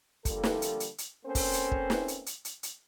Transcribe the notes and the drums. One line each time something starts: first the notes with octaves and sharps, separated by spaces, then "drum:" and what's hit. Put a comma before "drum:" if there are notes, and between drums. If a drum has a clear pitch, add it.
D3 F3 G3 A#3 A4, drum: kick, hi-hat
drum: snare
drum: hi-hat
drum: hi-hat
drum: hi-hat
A#3 C4 C#4 A4 B4 C5
drum: kick, open hi-hat
drum: hi-hat
drum: kick
drum: snare
drum: hi-hat
drum: hi-hat
drum: hi-hat
drum: hi-hat